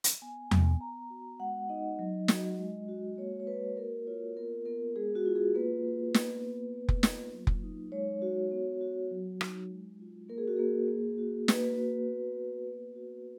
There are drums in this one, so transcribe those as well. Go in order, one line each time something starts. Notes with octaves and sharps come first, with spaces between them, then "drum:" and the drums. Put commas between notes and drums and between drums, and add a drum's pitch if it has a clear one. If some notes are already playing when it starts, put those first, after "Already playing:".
drum: hi-hat
B3 G#5
B3, drum: tom E2
B3 A#5
F#4
G#3 F#5
D#4 D#5
F#3
F#4, drum: snare
G#3
F#4
A#3 C#5
C#5
F#4 B4
A#3 A#4
F4 C#5
B3 A#4
B3 A#4
G#3 G#4
F#4
F4
G#4
A#3 B4
A#3
B3, drum: snare
B3
A#3
drum: kick F1
F4, drum: snare
F#3
drum: kick F1
D#4
G#3 C#5
F#4
B3
F#4
F#3
D#4, drum: rim click
G#3
F4
A#3 A#4
G#4
F#4
A#3 G#4
A#3
F#4
A#3 B4, drum: snare
F#4
B3
B3
A#3
F#4